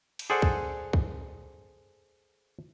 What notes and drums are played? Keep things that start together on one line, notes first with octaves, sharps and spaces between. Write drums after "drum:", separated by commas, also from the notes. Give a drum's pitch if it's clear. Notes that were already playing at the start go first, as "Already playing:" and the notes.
drum: cymbal
G#4 A4 C5 D5 F#5
drum: kick
drum: kick